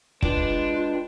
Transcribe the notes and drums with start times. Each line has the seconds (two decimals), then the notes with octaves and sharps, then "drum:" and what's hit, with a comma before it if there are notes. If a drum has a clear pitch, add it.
0.22 G#3 D4 F4 B4 G5, drum: kick